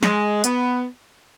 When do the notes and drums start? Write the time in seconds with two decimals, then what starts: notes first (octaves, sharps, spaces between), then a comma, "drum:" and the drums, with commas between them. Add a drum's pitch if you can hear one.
0.03 G#3, drum: snare
0.44 B3, drum: hi-hat